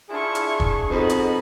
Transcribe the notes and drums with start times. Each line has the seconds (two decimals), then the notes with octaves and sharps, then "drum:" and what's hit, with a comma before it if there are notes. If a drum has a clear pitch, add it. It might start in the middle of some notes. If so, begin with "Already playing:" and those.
0.10 D4 E4 F4 G#4 C#6
0.35 drum: hi-hat
0.60 drum: kick
0.90 F2 B2 D#4 B5
1.09 drum: hi-hat